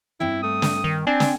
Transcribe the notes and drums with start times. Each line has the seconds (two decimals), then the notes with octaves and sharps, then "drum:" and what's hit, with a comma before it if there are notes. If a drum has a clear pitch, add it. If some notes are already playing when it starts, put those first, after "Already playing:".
0.20 G2 C4 E4 G5
0.43 A3 D#6
0.62 drum: snare
0.84 D#3
1.07 C4 D4 G#5
1.20 drum: snare